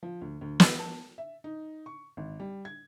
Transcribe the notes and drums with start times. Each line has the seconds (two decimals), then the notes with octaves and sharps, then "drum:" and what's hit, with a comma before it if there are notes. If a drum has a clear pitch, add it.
0.03 F3
0.22 D2
0.41 D2
0.60 E3, drum: snare
0.79 A5
1.18 E5
1.44 D#4
1.86 C#6
2.17 G#1
2.40 G3
2.65 G#6